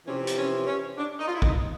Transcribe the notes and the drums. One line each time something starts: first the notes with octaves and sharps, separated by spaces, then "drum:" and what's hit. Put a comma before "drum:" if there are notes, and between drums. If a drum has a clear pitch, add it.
F2 C3 E3 C#4
drum: hi-hat
C#4
C#4
D4
D#4
F4
E4
D#4, drum: kick